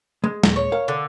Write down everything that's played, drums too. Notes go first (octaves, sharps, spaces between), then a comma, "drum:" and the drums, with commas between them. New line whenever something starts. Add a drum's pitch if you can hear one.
G#3
D#2 A#2, drum: snare
C#5
A#4 F5
D3